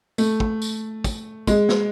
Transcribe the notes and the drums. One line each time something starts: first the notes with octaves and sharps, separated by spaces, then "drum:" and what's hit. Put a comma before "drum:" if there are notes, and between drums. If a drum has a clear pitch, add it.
A3, drum: tambourine
drum: kick
drum: tambourine
drum: kick, tambourine
G#3, drum: kick, tambourine
drum: snare